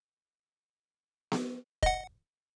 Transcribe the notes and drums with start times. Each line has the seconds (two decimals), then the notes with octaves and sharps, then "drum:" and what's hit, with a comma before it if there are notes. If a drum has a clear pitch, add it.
1.32 drum: snare B3
1.83 D#5 F#5, drum: kick